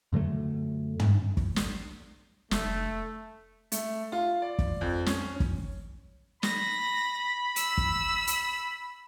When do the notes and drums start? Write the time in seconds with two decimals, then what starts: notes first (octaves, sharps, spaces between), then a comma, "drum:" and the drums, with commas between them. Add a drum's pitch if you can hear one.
0.12 F#2 D3 F#3 A3
0.99 drum: tom
1.37 drum: kick
1.56 drum: snare
2.51 F1 A3, drum: snare
3.72 A3, drum: hi-hat
4.12 F4
4.42 D5
4.59 drum: kick
4.81 F2
5.06 C#4, drum: snare
5.40 drum: kick
6.43 B5 A#6, drum: snare
7.56 E6, drum: hi-hat
7.78 drum: kick
8.27 drum: hi-hat